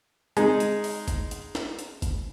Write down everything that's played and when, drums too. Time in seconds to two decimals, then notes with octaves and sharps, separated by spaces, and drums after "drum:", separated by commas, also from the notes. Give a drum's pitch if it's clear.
0.37 G#3 D#4, drum: hi-hat
0.60 drum: hi-hat
0.84 drum: open hi-hat
1.08 drum: kick, hi-hat
1.31 drum: hi-hat
1.55 drum: snare
1.79 drum: hi-hat
2.02 drum: kick, hi-hat